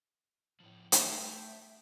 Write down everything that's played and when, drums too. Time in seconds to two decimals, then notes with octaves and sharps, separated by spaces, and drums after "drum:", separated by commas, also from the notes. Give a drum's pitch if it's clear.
0.60 A2 F3 B3
0.92 A3 E5 G5, drum: hi-hat